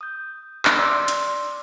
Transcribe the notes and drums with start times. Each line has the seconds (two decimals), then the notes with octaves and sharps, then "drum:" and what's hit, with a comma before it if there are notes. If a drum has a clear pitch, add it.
0.01 D#6 G6
0.65 drum: clap
0.78 D5 C6 D6 E6
1.08 drum: hi-hat